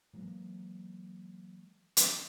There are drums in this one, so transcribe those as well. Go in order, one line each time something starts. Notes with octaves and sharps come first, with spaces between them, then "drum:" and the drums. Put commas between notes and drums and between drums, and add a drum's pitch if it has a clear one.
E3 F#3 G#3 A#3
drum: hi-hat